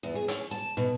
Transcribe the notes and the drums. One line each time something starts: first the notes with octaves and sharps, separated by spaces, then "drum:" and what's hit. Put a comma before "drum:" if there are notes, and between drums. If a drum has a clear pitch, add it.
E2
G#4
C#4, drum: hi-hat
A5
B2